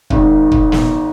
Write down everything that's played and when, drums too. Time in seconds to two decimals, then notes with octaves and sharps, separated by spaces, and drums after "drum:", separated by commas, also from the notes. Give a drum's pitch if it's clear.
0.10 G#1 G#2 D#3, drum: kick
0.52 drum: kick
0.72 drum: snare